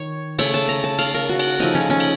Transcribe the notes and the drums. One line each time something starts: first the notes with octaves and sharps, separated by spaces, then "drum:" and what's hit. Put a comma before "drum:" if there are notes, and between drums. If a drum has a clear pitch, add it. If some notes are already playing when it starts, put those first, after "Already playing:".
Already playing: D#3 C#5
C#3 A3 C#5, drum: cymbal
A5
A#5
A5
F5, drum: cymbal
A#4
F#4
drum: cymbal
C#3 F3 A3 D#4
C#4
C#4
drum: cymbal